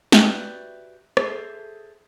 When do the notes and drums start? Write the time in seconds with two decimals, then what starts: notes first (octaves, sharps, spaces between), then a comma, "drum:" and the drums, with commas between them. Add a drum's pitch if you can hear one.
0.12 F#4 G4 B4 D5 E5 G5, drum: snare
1.17 G#4 A4 C5 E5, drum: rim click